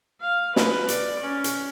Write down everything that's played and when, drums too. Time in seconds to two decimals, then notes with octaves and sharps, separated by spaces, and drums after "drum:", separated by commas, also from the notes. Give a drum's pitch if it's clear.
0.21 F5
0.56 B4, drum: snare
0.88 D5, drum: hi-hat
1.20 C#4
1.44 drum: hi-hat